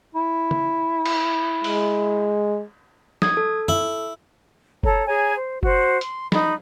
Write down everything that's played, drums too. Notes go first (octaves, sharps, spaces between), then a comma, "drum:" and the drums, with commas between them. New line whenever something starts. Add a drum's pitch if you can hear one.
E4
drum: tom
drum: cymbal
G#3, drum: open hi-hat
D#6 G#6, drum: snare
A4
E4, drum: tom
A4 C#5 A#5, drum: kick F#1
G#4 C#5 G#5 A#5
C5
F#4 C5, drum: kick F#1
C6, drum: hi-hat
D#4 B5, drum: snare